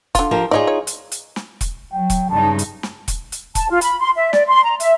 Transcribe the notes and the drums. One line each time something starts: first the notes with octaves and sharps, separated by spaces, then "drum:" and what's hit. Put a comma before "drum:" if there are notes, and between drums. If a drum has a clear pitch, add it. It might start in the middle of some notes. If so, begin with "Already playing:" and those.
D3 F4, drum: kick E1, hi-hat
F3 G4 A#4
D#4 F4 G#4 C#5 D5
C#5
drum: hi-hat
drum: hi-hat
drum: snare
drum: kick E1, hi-hat
F#3 G5
drum: kick E1, hi-hat
G2 C#3 D#4 A5
drum: hi-hat
drum: snare
drum: kick E1, hi-hat
drum: hi-hat
A5, drum: kick E1, hi-hat
F4
B5, drum: hi-hat
C6
E5
D5, drum: snare
C6
A#5
E5, drum: hi-hat